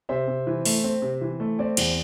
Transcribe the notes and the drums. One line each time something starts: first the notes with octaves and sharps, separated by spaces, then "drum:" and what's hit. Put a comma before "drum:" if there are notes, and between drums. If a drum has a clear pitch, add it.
C3 C5 E5
C3
E3
A3, drum: open hi-hat
C4
C3
E3
A3
C4 D5
E2, drum: cymbal